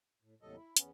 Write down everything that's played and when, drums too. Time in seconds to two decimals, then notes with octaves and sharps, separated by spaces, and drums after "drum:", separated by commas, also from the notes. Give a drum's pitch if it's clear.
0.22 A2
0.42 D#2 A2 C3 F#3 A4 D#5
0.56 E4
0.77 E2 B3 C#4, drum: hi-hat